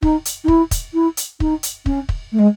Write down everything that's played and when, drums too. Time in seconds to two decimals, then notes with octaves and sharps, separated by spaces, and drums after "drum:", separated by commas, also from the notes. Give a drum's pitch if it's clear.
0.03 D#4, drum: kick
0.25 drum: hi-hat
0.44 D#4
0.48 E4, drum: kick
0.71 drum: kick, hi-hat
0.94 E4
1.17 drum: hi-hat
1.40 D#4, drum: kick
1.63 drum: hi-hat
1.86 C#4, drum: kick
2.09 drum: kick
2.32 A3
2.39 G#3